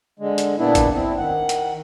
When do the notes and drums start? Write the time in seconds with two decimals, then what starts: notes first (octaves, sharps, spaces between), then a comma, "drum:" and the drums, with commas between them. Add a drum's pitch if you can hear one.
0.19 D3 G#3
0.38 drum: hi-hat
0.59 A#2 B3 D4 E4
0.75 drum: kick G#1, hi-hat
0.94 C4 E4
1.18 D#3 F#5
1.49 drum: hi-hat